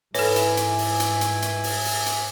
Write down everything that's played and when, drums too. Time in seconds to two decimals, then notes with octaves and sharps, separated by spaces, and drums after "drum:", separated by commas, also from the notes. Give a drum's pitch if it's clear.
0.14 G#2 E3 A4 C#5 E5 G#5 D6, drum: open hi-hat
0.36 drum: hi-hat
0.57 drum: hi-hat
0.78 drum: open hi-hat
1.00 drum: hi-hat
1.21 drum: hi-hat
1.42 drum: hi-hat
1.64 drum: open hi-hat
1.85 drum: open hi-hat
2.06 drum: hi-hat